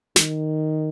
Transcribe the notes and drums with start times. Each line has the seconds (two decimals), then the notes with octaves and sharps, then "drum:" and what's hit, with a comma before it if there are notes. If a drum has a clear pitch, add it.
0.16 D#3, drum: snare